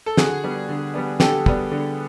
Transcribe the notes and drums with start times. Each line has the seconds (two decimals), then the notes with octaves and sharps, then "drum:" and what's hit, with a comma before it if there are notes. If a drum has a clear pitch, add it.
0.06 A4
0.17 D3 F#4 G#4, drum: snare
0.44 G3 B3 D4
0.69 D3
0.94 G3 B3 D4
1.20 D3 G4 A4, drum: snare
1.46 G3 B3 D4, drum: kick
1.71 D3